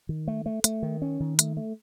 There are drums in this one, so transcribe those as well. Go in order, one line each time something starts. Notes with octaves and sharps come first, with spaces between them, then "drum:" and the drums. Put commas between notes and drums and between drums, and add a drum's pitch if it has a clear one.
D#3
A3
A3
A3, drum: hi-hat
D#3
C#4
D#3
A3, drum: hi-hat
A3